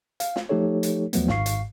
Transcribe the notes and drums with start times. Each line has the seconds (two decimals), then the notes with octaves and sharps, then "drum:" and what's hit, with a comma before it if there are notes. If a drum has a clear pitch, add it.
0.20 F5, drum: hi-hat
0.36 drum: snare
0.49 F3 A3 D#4 G4 A4 C#5
0.83 drum: hi-hat
1.13 D#2 F3 F#3 A3 B3, drum: hi-hat
1.28 G#1 G#2 F5 C#6 C7, drum: snare
1.46 drum: hi-hat